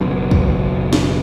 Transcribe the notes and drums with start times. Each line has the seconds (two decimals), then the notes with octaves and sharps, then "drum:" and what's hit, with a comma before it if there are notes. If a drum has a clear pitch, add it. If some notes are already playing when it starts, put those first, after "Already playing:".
0.01 F#1 F#2 B2
0.31 drum: kick
0.93 drum: snare